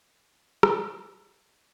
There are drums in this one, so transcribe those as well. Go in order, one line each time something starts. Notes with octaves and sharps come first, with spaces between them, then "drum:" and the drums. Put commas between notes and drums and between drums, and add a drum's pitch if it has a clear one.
G4 G5
D3 D4, drum: rim click
C#3 A4
C4 E4